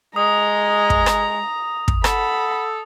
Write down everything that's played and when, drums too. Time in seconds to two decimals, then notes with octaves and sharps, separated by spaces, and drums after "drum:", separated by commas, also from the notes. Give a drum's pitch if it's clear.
0.16 G#3 A#5 D#6
0.90 drum: kick
1.06 drum: rim click
1.88 drum: kick
2.04 A4 F#5 B5, drum: rim click